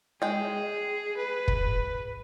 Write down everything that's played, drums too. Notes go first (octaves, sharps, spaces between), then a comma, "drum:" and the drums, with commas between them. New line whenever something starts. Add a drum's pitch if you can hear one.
G#3 G#4 G5
B4
drum: kick